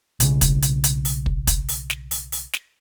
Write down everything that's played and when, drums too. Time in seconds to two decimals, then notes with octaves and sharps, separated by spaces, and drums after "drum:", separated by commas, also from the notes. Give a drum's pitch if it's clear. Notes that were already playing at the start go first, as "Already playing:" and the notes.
0.20 B1 C#3, drum: hi-hat
0.41 drum: kick, hi-hat
0.62 drum: hi-hat
0.84 drum: hi-hat
1.05 drum: open hi-hat
1.26 drum: kick
1.47 drum: kick, hi-hat
1.69 drum: open hi-hat
1.90 drum: snare
2.11 drum: open hi-hat
2.32 drum: open hi-hat
2.53 drum: snare